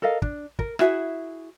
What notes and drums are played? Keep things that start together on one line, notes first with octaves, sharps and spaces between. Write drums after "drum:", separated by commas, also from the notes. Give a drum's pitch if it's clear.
A4 A#4 D#5 F5
D4, drum: kick
A#4, drum: kick
E4 F#4 G#4 E5, drum: rim click